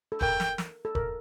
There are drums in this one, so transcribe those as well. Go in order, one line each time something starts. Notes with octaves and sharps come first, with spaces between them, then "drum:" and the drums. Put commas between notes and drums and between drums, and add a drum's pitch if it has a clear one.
A4
A#4 G5, drum: kick E1
drum: snare
drum: snare
A4
A#4, drum: kick E1